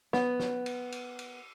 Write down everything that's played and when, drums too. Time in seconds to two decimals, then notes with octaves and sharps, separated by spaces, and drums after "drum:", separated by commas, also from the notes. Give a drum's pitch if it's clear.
0.13 B3, drum: snare
0.40 drum: snare
0.66 drum: cymbal
0.92 drum: cymbal
1.19 drum: cymbal